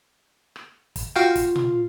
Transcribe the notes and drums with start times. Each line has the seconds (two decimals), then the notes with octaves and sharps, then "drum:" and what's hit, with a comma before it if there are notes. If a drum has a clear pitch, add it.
0.56 drum: rim click
0.96 drum: kick, hi-hat
1.16 F4 F#4 F5 G5
1.36 drum: kick, hi-hat
1.56 drum: tom A#2